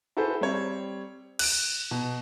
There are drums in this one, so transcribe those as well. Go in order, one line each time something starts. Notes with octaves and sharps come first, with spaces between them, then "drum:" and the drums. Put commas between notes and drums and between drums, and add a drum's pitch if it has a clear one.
E4 F#4 G#4 A4 B4 C5
G3 C4 C#5
F#6 D7, drum: cymbal
B2